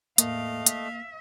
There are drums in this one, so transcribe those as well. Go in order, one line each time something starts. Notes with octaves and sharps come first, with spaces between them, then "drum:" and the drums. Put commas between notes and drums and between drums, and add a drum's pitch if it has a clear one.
E2 A2 A3 A#3 D#5 F5, drum: hi-hat
E5, drum: hi-hat